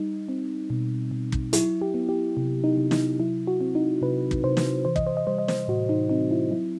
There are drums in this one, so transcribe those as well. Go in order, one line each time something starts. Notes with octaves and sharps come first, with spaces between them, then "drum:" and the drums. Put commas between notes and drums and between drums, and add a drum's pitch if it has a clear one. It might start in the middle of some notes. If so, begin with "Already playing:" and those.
Already playing: G3 D#4
C4
B2
B2
drum: kick
F#3 E4, drum: hi-hat
G4
B3
G4
C3
D#4
C3
D#4, drum: snare
F#3 E4
F#4
C4
D#4
C3 B4
drum: kick
C3 C5
drum: snare
E3 C5
D#5, drum: kick
C5
D#5
G3 C5
D#5
C5, drum: snare
A2 F#4
D#4
C4 D#4
E4
F#3 E4